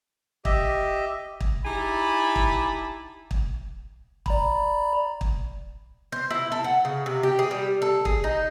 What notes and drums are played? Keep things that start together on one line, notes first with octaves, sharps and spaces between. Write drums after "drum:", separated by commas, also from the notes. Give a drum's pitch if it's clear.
G4 D#5 E5, drum: kick
drum: kick
D#4 E4 G4 G#5 A5 B5
drum: kick
drum: kick
D5 A#5 B5, drum: kick
drum: kick
C5
E4
A4
F#5
C#3
C3
G4
G#4
G3
A4
G#4, drum: kick
D#4